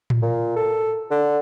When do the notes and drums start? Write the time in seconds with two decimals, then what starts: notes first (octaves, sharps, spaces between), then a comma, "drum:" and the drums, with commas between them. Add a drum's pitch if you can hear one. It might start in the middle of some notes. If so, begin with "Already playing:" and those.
0.10 drum: tom A2
0.22 A#2
0.56 A4
1.11 D3